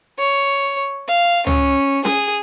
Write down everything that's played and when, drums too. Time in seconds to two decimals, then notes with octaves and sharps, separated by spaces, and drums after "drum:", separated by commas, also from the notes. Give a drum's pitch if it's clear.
0.19 C#5
1.08 F5
1.47 C#4, drum: tom
2.05 G#4, drum: snare C#4